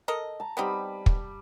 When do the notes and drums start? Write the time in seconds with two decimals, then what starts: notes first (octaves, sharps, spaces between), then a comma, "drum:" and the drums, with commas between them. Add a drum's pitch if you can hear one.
0.08 A4 A#4 D#5
0.40 A5 A#5
0.57 G3 B3 C4 D#4 B5
1.06 drum: kick